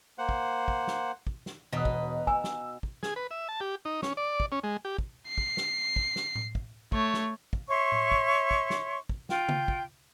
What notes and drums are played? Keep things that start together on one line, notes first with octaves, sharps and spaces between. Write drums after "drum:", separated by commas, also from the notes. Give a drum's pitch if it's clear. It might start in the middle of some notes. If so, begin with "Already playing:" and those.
A#3 C5 F#5
drum: kick
drum: kick
drum: snare
drum: kick
drum: snare
E1 B2 D#4 B4 D#6
drum: kick
G#5 E6, drum: kick
drum: snare
drum: kick
G#4, drum: snare
B4
E5
A5
G4
D#4
C#4, drum: snare
D5
drum: kick
C#4
G#3
G4
drum: kick
C7
drum: kick
drum: snare
drum: kick
drum: snare
drum: tom A2
drum: kick
A3 C#5, drum: kick
drum: snare
drum: kick
C#5 E5 C6 C#6
drum: tom A2
drum: kick
drum: kick
drum: snare
drum: kick
F4 G5, drum: snare
drum: tom C#3
drum: kick